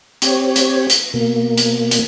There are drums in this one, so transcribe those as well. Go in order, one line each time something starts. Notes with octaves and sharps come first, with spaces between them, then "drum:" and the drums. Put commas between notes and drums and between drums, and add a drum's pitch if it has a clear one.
C4 G4 C#5, drum: hi-hat
drum: hi-hat
drum: hi-hat
B2 A#3
drum: hi-hat
drum: hi-hat